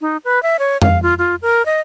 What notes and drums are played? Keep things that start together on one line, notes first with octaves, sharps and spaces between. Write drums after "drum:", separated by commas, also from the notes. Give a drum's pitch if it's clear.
D#4
B4
E5
C#5
F5, drum: tom F2
F4
F4
A#4
D#5